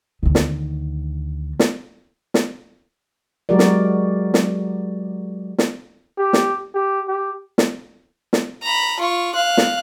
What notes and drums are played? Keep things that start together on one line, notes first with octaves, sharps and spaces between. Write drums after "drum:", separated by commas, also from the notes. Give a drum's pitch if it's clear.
D2 D#3
drum: snare
drum: snare
drum: snare
F#3 G#3 F#4 G4 A#4 D5
drum: snare
drum: snare
drum: snare
G4
drum: snare
G4
G4
drum: snare
drum: snare
A#5 B5
F4 C#6
F5 F#6
drum: snare